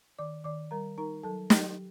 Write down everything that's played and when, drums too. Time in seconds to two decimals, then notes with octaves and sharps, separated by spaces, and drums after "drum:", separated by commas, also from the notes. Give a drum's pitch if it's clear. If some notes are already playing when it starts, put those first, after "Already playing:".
0.19 D#3 D5 D6
0.44 D#3 D5 D6
0.71 G3 A#4 A#5
0.98 D#4 A#4 A#5
1.23 F#3 A4 A5
1.50 F#3 G4 G5, drum: snare